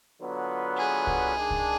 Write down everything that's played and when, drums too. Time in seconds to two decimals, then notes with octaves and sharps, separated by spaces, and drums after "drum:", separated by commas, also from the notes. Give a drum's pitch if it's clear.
0.20 D3 F#3 B3 F4 B4
0.77 G#4
1.07 drum: kick C2
1.36 D#3 G#3 D4
1.51 drum: kick C2